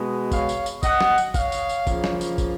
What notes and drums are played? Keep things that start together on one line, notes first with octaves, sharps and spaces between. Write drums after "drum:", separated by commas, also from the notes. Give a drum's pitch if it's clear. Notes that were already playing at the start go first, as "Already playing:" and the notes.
Already playing: B2 G#3 B3
C#5 F5, drum: kick, tambourine
drum: tambourine
drum: tambourine
D#5 F#5, drum: kick, tambourine
drum: snare
drum: tambourine
C#5 F5, drum: kick, tambourine
drum: tambourine
drum: tambourine
C#3 F3 A#3, drum: kick, tambourine
drum: snare
drum: tambourine
drum: kick, tambourine